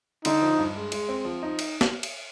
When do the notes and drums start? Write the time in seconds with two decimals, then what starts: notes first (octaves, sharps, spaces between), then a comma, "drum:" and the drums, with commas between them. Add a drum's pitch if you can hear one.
0.25 D3 D#4, drum: cymbal
0.42 F3
0.59 G2
0.76 G#3
0.92 G#3, drum: cymbal
1.09 C4
1.25 F3
1.43 D#4
1.59 drum: cymbal
1.81 drum: snare
2.03 drum: cymbal